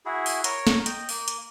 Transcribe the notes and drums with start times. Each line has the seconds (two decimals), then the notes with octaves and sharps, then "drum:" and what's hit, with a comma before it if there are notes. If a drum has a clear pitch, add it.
0.06 E4 F#4 G#4
0.26 drum: open hi-hat
0.44 A#4 C#5, drum: hi-hat
0.67 drum: snare
0.86 D#5 G5, drum: hi-hat
1.09 A#3, drum: open hi-hat
1.28 drum: hi-hat